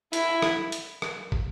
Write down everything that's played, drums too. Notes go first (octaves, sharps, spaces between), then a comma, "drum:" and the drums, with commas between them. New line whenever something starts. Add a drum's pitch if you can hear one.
E4, drum: hi-hat
drum: rim click
drum: hi-hat
drum: rim click
drum: kick